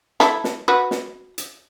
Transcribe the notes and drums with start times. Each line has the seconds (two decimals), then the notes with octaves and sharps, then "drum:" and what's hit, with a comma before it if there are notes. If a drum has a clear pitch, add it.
0.20 E4 A4, drum: snare
0.44 drum: snare
0.68 F#4 B4
0.91 drum: snare
1.38 drum: hi-hat